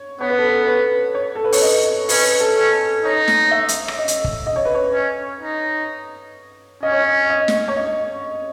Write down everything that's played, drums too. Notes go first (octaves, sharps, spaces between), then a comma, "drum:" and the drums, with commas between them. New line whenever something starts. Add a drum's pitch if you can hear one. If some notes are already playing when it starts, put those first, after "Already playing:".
Already playing: C#5
B3 C#5
B4
A4
B4
B4
C#5
A4
B4
C#5, drum: open hi-hat
D#5
C#4 B4, drum: open hi-hat
A4
C#4
A4
D#4 C#5
drum: snare
E5
drum: hi-hat
drum: rim click
D#5
drum: hi-hat
drum: kick
D#5
C#5
B4
C#5
C#4
D#4
C#4 D#5
C#5
D#5
D#5
drum: snare
C#5
D#5